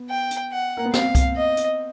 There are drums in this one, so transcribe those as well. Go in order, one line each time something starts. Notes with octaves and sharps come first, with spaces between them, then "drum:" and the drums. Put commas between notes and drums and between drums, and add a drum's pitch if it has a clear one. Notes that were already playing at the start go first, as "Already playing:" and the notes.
Already playing: B3
G5
drum: hi-hat
F#5
A#3
B3
C4 F5, drum: snare
drum: kick C2, hi-hat
D#5
drum: hi-hat